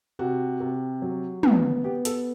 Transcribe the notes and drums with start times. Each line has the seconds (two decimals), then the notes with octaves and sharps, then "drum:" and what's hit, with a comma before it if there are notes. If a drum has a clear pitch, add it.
0.19 C3 F#4
0.60 C3
1.02 F#3
1.43 B3, drum: tom
1.84 B3 G4
2.05 A4, drum: hi-hat